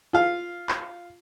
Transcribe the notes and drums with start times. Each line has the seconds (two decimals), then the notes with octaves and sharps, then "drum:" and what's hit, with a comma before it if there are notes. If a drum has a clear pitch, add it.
0.13 F4 F5
0.69 drum: clap